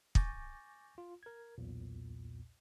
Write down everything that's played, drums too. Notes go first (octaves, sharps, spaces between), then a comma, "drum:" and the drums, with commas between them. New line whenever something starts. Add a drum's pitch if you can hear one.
G#5 C#6 D6 G6 A6 A#6, drum: kick
F4
A#4 G#6
B1 E2 A#2